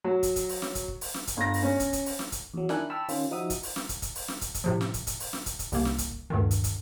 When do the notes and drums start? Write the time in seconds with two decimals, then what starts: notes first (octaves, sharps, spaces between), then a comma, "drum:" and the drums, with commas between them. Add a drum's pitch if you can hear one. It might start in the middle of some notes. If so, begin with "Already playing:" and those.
0.04 F#3
0.23 drum: kick, hi-hat
0.36 drum: kick, hi-hat
0.49 drum: open hi-hat
0.62 drum: snare
0.75 drum: kick, hi-hat
0.88 drum: kick
1.01 drum: open hi-hat
1.14 drum: snare
1.27 drum: kick, hi-hat
1.37 G1 A#6
1.54 drum: open hi-hat
1.63 C#4
1.80 drum: kick, hi-hat
1.93 drum: kick, hi-hat
2.06 drum: open hi-hat
2.19 drum: snare
2.32 drum: kick, hi-hat
2.54 E2 F#3
2.69 D#3 D4 E4 A#4 G#5 F#6, drum: snare
2.90 G5 A5 B5 C#6 E6 F6
3.09 D#3 C#4 F4, drum: open hi-hat
3.31 F3 D#4 F#4 E5 D#6
3.50 drum: kick, hi-hat
3.63 drum: open hi-hat
3.76 drum: snare
3.89 drum: kick, hi-hat
4.02 drum: kick, hi-hat
4.15 drum: open hi-hat
4.28 drum: snare
4.41 drum: kick, hi-hat
4.54 drum: kick, hi-hat
4.64 A2 C3 F3
4.81 drum: snare
4.94 drum: kick, hi-hat
5.07 drum: kick, hi-hat
5.20 drum: open hi-hat
5.33 drum: snare
5.46 drum: kick, hi-hat
5.59 drum: kick, hi-hat
5.72 C2 C3 A#3, drum: open hi-hat
5.85 drum: snare
5.98 drum: kick, hi-hat
6.11 drum: kick
6.30 D2 G2 A#2 D3 D#3
6.51 drum: kick, hi-hat
6.64 drum: kick, hi-hat